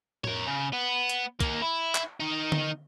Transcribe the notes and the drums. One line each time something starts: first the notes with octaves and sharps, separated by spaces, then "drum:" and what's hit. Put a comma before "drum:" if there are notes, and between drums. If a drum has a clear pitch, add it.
A#4 C#5, drum: tom A2
C#3
B3
drum: hi-hat
D#2 A#3, drum: kick, hi-hat
E4
drum: clap
D#3 D#4
drum: tom D3